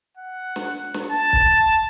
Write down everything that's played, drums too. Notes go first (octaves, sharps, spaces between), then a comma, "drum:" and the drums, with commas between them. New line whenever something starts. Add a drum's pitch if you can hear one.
F#5
drum: snare
drum: snare
A5
drum: kick